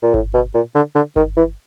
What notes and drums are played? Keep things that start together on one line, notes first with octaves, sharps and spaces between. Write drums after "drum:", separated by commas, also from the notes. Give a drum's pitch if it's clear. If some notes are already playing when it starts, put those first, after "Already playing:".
A#2
A2, drum: kick G1
B2
A#2
D3
D3
D#3, drum: kick G1
E3